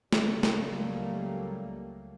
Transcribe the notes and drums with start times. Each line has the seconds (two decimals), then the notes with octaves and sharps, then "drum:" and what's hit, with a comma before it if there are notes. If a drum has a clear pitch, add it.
0.13 C#2 F#3 G3 A3 A#3, drum: snare
0.43 drum: snare